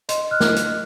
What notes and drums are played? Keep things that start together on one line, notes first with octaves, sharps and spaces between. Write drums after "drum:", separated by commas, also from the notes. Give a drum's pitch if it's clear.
D#5 C6, drum: hi-hat
D#5 F6 F#6
drum: snare
drum: hi-hat